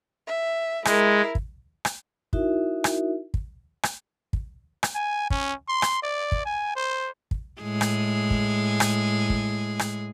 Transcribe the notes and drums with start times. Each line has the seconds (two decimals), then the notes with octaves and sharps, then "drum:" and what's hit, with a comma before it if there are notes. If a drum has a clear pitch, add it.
0.27 E5
0.85 G#3 E4 A#4, drum: rim click
1.35 drum: kick
1.85 drum: rim click
2.33 D#4 E4 F#4 A#4 E5, drum: kick
2.84 drum: rim click
3.34 drum: kick
3.83 drum: rim click
4.33 drum: kick
4.83 drum: rim click
4.95 G#5
5.30 C#4, drum: kick
5.69 C6
5.82 drum: rim click
6.03 D5
6.32 drum: kick
6.45 G#5
6.76 C5
7.31 drum: kick
7.62 A2 G#3 G#4
7.81 drum: rim click
8.30 drum: kick
8.80 drum: rim click
9.30 drum: kick
9.79 drum: rim click